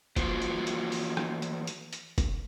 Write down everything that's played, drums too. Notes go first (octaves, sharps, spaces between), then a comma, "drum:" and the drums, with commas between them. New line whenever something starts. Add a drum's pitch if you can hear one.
E3 F3 A#3 F4 F#4 C5, drum: kick, hi-hat
drum: hi-hat
drum: hi-hat
drum: open hi-hat
drum: rim click
drum: hi-hat
drum: hi-hat
drum: hi-hat
drum: kick, hi-hat